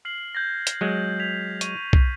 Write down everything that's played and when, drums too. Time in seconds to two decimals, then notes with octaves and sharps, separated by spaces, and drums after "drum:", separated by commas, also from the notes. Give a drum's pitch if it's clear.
0.05 F6 C7 F#7
0.35 G6 G#6 A#6
0.67 drum: hi-hat
0.81 F#3 G#3
1.19 G#6 B6 F7
1.61 C#6 D#7, drum: hi-hat
1.93 drum: kick